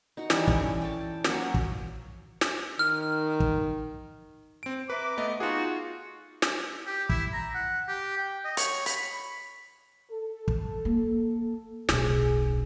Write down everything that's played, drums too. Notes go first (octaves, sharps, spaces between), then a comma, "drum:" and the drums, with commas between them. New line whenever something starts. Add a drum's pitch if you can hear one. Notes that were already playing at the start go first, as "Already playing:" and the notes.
D#4 F#4 F#5
E3 G3 D#4 A5, drum: snare
C#4 A4 C#5 D5, drum: kick
G5 A5
F#3 A#3 C#4, drum: snare
drum: kick
drum: snare
D#3 F6
drum: kick
C4 D7
B4 E5 A#5 D6
A3 B3 D#5
D#4 F4 F#4 G#4
drum: snare
G4
E4, drum: kick
A#5
F#5
G4
G5
D#5
C#5, drum: hi-hat
B5, drum: hi-hat
A4
drum: kick
A#3
D1 B1 G#4, drum: snare